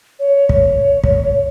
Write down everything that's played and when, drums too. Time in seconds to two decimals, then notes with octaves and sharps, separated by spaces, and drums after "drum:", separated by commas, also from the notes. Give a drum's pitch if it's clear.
0.19 C#5
0.49 C#5, drum: kick
1.04 drum: kick